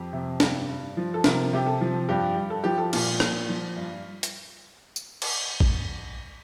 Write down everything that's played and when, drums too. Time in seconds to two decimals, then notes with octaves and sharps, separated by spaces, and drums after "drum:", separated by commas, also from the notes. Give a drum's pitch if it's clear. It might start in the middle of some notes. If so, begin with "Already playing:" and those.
Already playing: F2 G4
0.13 C3
0.40 G2, drum: snare
0.69 G2
0.97 F3
1.14 A4
1.24 C3 A#4, drum: snare
1.53 C3 G4
1.66 A4
1.81 F3
2.09 G2 G4
2.37 G2
2.50 A4
2.64 F3 G4
2.78 A4
2.93 A#2 F4, drum: cymbal
3.20 A#2, drum: rim click
3.49 F3
3.76 G2
4.23 drum: hi-hat
4.96 drum: tambourine
5.22 drum: cymbal
5.60 drum: kick A1